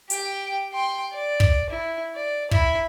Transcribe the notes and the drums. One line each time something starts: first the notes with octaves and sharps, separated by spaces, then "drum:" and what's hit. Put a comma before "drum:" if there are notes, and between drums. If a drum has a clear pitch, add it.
G4 G5, drum: hi-hat
G5 C6
D5
drum: kick
E4
D5
E4 B5, drum: kick